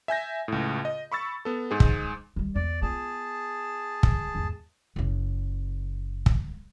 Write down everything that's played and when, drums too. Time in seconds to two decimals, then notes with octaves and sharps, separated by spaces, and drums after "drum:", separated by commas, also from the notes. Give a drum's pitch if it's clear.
0.08 E5 G#5 G6 A#6
0.48 C#2 A2
0.85 D#5
1.12 B5 C#6 E6 A6
1.45 B3 A4
1.71 G#2 G#4
1.80 drum: kick
2.36 D#3 G3
2.56 E2 D5
2.82 B3 F4 G#4 A5
4.03 drum: kick
4.35 E2 G#2
4.96 F#1 C#3
6.26 drum: kick